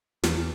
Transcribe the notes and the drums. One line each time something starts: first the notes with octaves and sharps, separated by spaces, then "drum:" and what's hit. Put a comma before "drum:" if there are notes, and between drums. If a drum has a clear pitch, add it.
E2, drum: snare